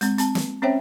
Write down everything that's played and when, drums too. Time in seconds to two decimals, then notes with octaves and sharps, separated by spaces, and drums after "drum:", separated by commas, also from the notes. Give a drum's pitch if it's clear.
0.01 G#3 C4, drum: hi-hat
0.18 C4 A5, drum: hi-hat
0.35 drum: snare
0.62 C4 C#4 C5 C#5 E5 G5